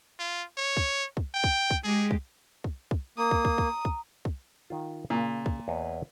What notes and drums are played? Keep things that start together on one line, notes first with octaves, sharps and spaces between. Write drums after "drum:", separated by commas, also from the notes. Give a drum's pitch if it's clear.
F4
C#5
drum: kick
drum: kick
G5
drum: kick
drum: kick
G#3 G4 G#4
drum: kick
drum: kick
drum: kick
A#3 A#5 D#6
drum: kick
drum: kick
drum: kick
drum: kick
drum: kick
D#3 F4
A#2 C#3
drum: kick
E2 C#5 D#5